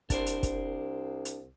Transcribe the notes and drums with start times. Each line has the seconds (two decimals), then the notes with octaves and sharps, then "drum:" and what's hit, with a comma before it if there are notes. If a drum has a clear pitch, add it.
0.10 C2 D4 A#4 C5, drum: kick, hi-hat
0.26 drum: hi-hat
0.43 drum: kick, hi-hat
1.25 drum: hi-hat